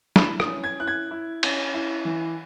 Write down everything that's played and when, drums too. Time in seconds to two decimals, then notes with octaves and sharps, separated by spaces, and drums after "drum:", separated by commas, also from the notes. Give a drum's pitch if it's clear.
0.16 E4 B5, drum: snare
0.40 D#6, drum: rim click
0.47 C#4
0.64 G#6
0.80 E4 F#6
0.87 G#6
1.11 E4
1.43 C#4, drum: cymbal
1.74 E4
2.05 E3